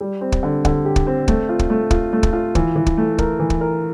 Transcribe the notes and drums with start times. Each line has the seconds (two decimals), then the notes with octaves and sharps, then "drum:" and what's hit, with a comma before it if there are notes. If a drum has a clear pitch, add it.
0.01 G3
0.21 C4
0.32 drum: kick
0.43 D3
0.65 D3, drum: kick
0.85 G4
0.96 drum: kick
1.07 C4
1.28 A3, drum: kick
1.49 F4
1.59 drum: kick
1.70 A3
1.91 F4, drum: kick
2.13 A3
2.23 drum: kick
2.33 F4
2.55 E3, drum: kick
2.76 E3
2.86 drum: kick
2.97 A3
3.18 A#4, drum: kick
3.39 E3
3.50 drum: kick
3.61 A#4